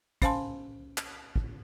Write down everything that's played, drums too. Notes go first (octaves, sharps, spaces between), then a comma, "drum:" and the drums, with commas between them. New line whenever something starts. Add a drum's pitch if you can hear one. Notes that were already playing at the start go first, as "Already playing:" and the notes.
C#4 C5 F5 G#5 A5 C6, drum: kick, hi-hat
drum: clap
drum: kick